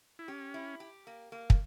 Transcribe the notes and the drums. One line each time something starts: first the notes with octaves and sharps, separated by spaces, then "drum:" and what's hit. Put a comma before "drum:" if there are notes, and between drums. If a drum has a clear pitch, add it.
E4
C#4 G4
E4
G4
A#3
A#3
drum: kick